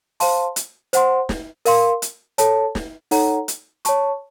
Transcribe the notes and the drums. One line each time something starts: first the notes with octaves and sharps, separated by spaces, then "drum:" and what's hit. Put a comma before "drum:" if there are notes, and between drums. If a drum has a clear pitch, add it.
C5 F5 A5 C6, drum: open hi-hat
drum: hi-hat
C5 F#5 C6, drum: hi-hat
drum: snare
A#4 F5 C6, drum: open hi-hat
drum: hi-hat
A4 C#5 A5, drum: hi-hat
drum: snare
D#4 A4 C#5 F#5 A#5, drum: open hi-hat
drum: hi-hat
C#5 A5 C#6, drum: hi-hat